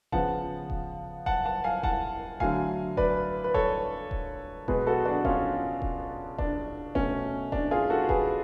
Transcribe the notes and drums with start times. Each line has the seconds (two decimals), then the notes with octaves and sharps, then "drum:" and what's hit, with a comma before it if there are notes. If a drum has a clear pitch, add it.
0.12 C#3 F3 B3 F#5 A5, drum: kick D#1
0.70 drum: kick D#1
1.26 F#5 A5, drum: kick D#1
1.45 F#5 A5
1.64 F5 G#5
1.83 F#5 A5, drum: kick D#1
2.40 D3 F#3 A3 F5 G#5, drum: kick D#1
2.97 B4 D5, drum: kick D#1
3.44 B4
3.54 A4 C#5, drum: kick D#1
4.11 drum: kick D#1
4.68 B2 G#3 B3 G#4 B4, drum: kick D#1
4.87 F#4 A4
5.05 D4 F#4
5.25 C#4 F4, drum: kick D#1
5.82 drum: kick D#1
6.38 D4, drum: kick D#1
6.95 B2 A3 C#4, drum: kick D#1
7.52 D4, drum: kick D#1
7.71 F4 G#4
7.90 F#4 A4
8.09 G#4 B4, drum: kick D#1